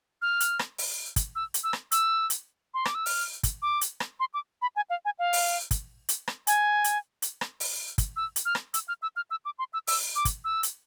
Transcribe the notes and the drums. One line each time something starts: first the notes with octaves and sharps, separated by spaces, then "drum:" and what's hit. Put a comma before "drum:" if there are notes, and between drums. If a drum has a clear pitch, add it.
F6
drum: hi-hat
drum: rim click
drum: open hi-hat
drum: kick, hi-hat
E6
drum: hi-hat
E6
drum: rim click
E6, drum: hi-hat
drum: hi-hat
C6
D6, drum: rim click
E6
F6, drum: open hi-hat
drum: kick, hi-hat
D6
drum: hi-hat
drum: rim click
C6
D6
B5
G#5
F5
G#5
F5
drum: open hi-hat
drum: kick, hi-hat
drum: hi-hat
drum: rim click
G#5, drum: hi-hat
drum: hi-hat
drum: hi-hat
drum: rim click
drum: open hi-hat
drum: kick, hi-hat
E6
drum: hi-hat
F6
drum: rim click
E6, drum: hi-hat
F6
E6
F6
E6
D6
C6
E6
E6, drum: open hi-hat
D6
drum: kick, hi-hat
E6
drum: hi-hat